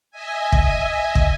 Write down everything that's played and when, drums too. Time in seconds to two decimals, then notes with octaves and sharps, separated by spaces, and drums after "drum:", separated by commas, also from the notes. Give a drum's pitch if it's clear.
0.11 D#5 E5 G#5
0.52 drum: kick
1.15 drum: kick